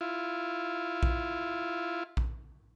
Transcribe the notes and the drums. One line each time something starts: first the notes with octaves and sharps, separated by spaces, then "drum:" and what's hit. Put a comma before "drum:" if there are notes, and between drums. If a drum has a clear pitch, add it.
E4 F4
drum: kick A#1
drum: kick A#1